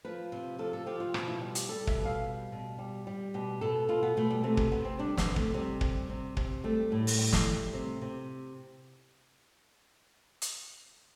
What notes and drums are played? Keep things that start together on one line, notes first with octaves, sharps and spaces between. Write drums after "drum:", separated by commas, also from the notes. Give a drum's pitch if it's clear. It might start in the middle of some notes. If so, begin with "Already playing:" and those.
F3 B4
C3
F3 A4
A4
F3 G4
F4
B2, drum: rim click
E4
G3 F4
G4, drum: hi-hat
G3 A4
E5, drum: kick
B2
F5
G3
B2
G3
G3
B2 G4
B2 A4
B2 F4
B3
B2 A3
G3
C3 A3
A3, drum: kick
C3 B3
C4
G3 D4
B3, drum: snare
C3
A3, drum: kick
C3 G3
G3, drum: kick
C3
C3, drum: kick
G3 A3
A2
drum: open hi-hat
G3
drum: snare
G3
C3
C3
drum: hi-hat